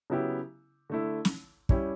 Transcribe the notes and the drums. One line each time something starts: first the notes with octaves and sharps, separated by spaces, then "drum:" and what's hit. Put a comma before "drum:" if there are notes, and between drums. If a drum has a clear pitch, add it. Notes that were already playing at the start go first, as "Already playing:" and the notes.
C#3 F#3 B3 E4 G4
D3 A3 E4
drum: snare
G3 C#4 E4 G4, drum: kick